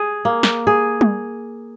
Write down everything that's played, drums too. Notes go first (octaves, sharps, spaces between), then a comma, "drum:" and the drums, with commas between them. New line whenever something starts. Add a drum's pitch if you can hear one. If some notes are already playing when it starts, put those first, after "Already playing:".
Already playing: G#4
A#3
drum: snare
G#4
drum: tom G3